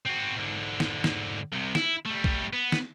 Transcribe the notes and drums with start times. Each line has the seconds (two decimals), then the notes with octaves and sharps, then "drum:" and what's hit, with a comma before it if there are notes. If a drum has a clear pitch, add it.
0.06 C4 F#4
0.37 G#2 D3
0.80 drum: snare
1.04 drum: snare
1.52 C2 C3
1.75 E4, drum: snare
2.06 G3 A3
2.24 drum: kick
2.53 B3
2.72 drum: snare